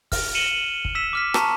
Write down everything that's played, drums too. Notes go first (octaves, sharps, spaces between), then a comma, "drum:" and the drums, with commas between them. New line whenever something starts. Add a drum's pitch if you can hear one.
F6, drum: kick, open hi-hat
C#7 D#7 E7 F#7 G7
F#7
drum: kick
E6 B6 E7
D6 F6 B6
A5 A#5 C#6, drum: rim click